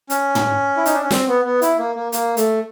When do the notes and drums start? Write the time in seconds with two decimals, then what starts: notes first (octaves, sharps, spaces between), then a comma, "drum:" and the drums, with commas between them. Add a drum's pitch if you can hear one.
0.10 C#4, drum: hi-hat
0.35 drum: tom
0.77 E4
0.85 D#4, drum: hi-hat
0.93 D4
1.03 C#4
1.11 C4, drum: snare
1.28 B3
1.45 B3
1.62 E4, drum: hi-hat
1.78 A#3
1.95 A#3
2.12 A#3, drum: hi-hat
2.37 A3, drum: hi-hat